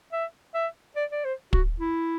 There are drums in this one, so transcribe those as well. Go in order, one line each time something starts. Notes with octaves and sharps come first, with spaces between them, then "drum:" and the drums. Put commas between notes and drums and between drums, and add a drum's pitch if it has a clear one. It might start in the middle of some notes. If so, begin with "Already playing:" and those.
E5
E5
D5
D5
C5
F#4, drum: kick
E4